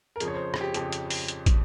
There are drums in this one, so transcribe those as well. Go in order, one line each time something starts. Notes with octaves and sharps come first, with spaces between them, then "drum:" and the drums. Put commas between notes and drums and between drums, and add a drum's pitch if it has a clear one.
A#4
F2 C#3 F3 G#4, drum: hi-hat
C#5
C5
G#4, drum: rim click
G4
F2 C#3 F3 G4, drum: hi-hat
drum: hi-hat
drum: open hi-hat
drum: hi-hat
drum: kick, hi-hat